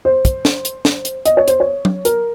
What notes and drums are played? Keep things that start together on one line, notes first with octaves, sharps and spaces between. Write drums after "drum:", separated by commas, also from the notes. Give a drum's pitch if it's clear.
C5
drum: kick, hi-hat
drum: snare
drum: hi-hat
drum: snare
drum: hi-hat
D#5, drum: hi-hat
C#5
C5, drum: hi-hat
C#5
drum: tom F#3
A#4, drum: hi-hat